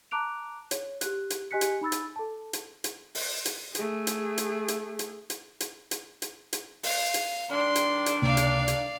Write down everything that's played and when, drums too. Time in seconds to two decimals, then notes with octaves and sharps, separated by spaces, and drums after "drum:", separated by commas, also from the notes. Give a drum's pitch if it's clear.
0.11 A5 A#5 D6 F#6 D7 F7
0.71 C#5, drum: hi-hat
1.01 G4 F#6, drum: hi-hat
1.30 drum: hi-hat
1.51 G4 D#5 G#5 F#6 B6 C#7
1.61 drum: hi-hat
1.81 D#4 B5 E6 A6
1.92 drum: hi-hat
2.16 A4 A5
2.53 drum: hi-hat
2.84 drum: hi-hat
3.15 drum: open hi-hat
3.45 drum: hi-hat
3.75 A3 G#4, drum: hi-hat
4.07 drum: hi-hat
4.38 drum: hi-hat
4.68 drum: hi-hat
4.99 drum: hi-hat
5.30 drum: hi-hat
5.60 drum: hi-hat
5.91 drum: hi-hat
6.22 drum: hi-hat
6.53 drum: hi-hat
6.83 F5, drum: open hi-hat
7.14 drum: hi-hat
7.51 D#3 G3 D4 C6
7.75 drum: hi-hat
8.06 drum: hi-hat
8.22 C#2 C3 A#3 D5 F5
8.37 drum: hi-hat
8.68 drum: hi-hat